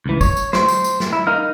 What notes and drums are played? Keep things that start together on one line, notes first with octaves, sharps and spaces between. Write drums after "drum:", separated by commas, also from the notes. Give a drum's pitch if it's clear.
C#2 E3
C#5, drum: kick, tambourine
drum: tambourine
C5, drum: snare
drum: tambourine
drum: tambourine
drum: snare
E4
D#4 A#4 F5